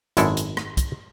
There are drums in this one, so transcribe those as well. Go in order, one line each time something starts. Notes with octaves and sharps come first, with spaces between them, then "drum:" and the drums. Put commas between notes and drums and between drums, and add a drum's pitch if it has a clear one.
G#1 F#2 G#3 E4 A4, drum: hi-hat
drum: hi-hat
drum: rim click
drum: kick, hi-hat